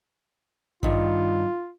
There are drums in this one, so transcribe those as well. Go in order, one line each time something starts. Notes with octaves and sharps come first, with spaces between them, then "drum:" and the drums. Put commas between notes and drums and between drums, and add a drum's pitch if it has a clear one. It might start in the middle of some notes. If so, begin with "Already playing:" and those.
G2 D#3 F4, drum: kick A1